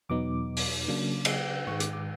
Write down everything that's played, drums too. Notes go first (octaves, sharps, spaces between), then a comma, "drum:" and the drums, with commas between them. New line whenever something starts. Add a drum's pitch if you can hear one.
E2 B2 F#3 B3 D#4 D6
drum: open hi-hat
C#3 F#3 A#3 D4
drum: cymbal
G#2 D#3 G#3 C#6
D6, drum: hi-hat
D6